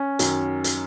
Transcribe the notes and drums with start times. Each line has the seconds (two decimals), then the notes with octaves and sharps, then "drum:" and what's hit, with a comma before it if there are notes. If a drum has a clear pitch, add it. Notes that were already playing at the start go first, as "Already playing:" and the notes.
Already playing: C#4
0.19 F#2 D#3 F#3, drum: hi-hat
0.64 drum: hi-hat